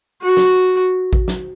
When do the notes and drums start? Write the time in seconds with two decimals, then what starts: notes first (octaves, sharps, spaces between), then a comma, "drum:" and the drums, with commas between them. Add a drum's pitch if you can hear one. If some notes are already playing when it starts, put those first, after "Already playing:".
0.22 F#4
0.37 drum: snare
1.13 drum: kick A1
1.28 drum: snare